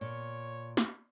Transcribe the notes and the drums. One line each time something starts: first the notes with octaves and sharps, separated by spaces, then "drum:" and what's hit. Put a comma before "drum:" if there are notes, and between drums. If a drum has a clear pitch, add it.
A#2 C#5
drum: snare